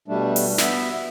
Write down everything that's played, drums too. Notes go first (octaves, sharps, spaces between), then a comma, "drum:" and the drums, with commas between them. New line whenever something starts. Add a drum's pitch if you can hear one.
B2 G3 A3 D4
drum: open hi-hat
B3 E5, drum: snare